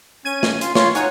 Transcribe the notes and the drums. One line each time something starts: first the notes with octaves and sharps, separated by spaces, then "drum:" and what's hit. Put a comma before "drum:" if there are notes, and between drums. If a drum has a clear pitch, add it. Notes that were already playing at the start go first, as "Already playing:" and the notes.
C#4 G#6 D#7
drum: snare
F4 C6, drum: hi-hat
F4 C#5 C6, drum: snare
D#4 C#5 F#5 G#5, drum: hi-hat